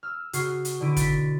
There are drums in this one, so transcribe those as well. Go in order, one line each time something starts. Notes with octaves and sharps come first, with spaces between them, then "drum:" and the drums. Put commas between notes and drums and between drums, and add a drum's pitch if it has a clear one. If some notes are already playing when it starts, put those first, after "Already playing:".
E6 F6
C#3 F#4 G#4 C#6 F6 C7, drum: hi-hat
drum: hi-hat
B2 D3 E4 D7 D#7
A6 B6, drum: kick, hi-hat